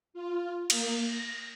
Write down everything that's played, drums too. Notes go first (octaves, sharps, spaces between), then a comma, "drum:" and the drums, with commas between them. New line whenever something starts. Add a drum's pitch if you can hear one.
F4
A#3, drum: cymbal
A#6